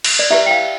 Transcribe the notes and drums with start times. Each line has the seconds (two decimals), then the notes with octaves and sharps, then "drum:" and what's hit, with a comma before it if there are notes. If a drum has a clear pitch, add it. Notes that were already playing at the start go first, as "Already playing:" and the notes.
0.04 drum: cymbal
0.19 D5
0.30 E4 G4 B4 E5
0.46 G5
0.51 F5